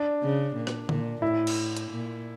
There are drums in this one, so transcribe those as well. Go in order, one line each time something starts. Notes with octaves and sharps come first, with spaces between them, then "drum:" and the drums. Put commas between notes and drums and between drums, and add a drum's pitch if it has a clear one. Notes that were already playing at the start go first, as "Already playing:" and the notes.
Already playing: D4
C#3
A#2
drum: rim click
A#2, drum: tom D3
A2 E4
drum: cymbal
drum: hi-hat
A#2